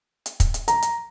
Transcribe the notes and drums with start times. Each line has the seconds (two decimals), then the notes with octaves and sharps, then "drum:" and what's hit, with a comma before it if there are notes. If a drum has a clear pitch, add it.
0.26 drum: hi-hat
0.40 drum: kick, hi-hat
0.54 drum: hi-hat
0.68 A#5, drum: hi-hat
0.82 drum: hi-hat